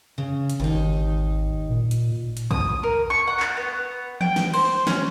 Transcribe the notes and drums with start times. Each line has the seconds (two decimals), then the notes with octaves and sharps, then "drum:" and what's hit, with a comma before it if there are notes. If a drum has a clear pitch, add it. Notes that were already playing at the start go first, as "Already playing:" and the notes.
0.18 C#3
0.50 drum: hi-hat
0.60 G#1 D#2 D#4
1.70 A#2
1.91 drum: hi-hat
2.37 drum: hi-hat
2.51 D#6, drum: kick
2.83 A#4
3.10 C#6
3.27 F#5
3.40 drum: clap
3.57 B3
4.21 G5, drum: tom E3
4.36 drum: snare
4.54 C5, drum: cymbal
4.87 C#4, drum: snare